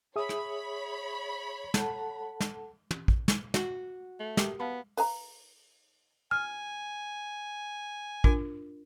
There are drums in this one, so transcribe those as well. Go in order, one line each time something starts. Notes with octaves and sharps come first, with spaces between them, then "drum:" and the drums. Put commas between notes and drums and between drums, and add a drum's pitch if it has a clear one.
G#4 C#5 E5 B5 D#6
drum: rim click
A4 F#5 A5, drum: snare
drum: snare
drum: tom
drum: kick
drum: snare
F#4, drum: snare
A3
G4 A#4 D#6, drum: snare
B3 F5 A5 B5
B4 F5 A#5, drum: open hi-hat
G#5 F6
D4 F4 A#4, drum: kick